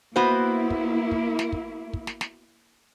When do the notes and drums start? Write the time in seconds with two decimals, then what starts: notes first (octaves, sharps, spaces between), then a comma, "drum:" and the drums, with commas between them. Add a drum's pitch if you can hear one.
0.16 A#3 B3 E4 F#4 C5
0.70 drum: kick
1.11 drum: kick
1.39 drum: snare
1.52 drum: kick
1.93 drum: kick
2.07 drum: snare
2.21 drum: snare